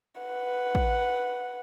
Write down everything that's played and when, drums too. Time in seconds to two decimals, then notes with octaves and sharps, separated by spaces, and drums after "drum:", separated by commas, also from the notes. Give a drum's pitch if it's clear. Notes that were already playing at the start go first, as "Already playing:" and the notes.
0.21 B4 F#5
0.75 drum: kick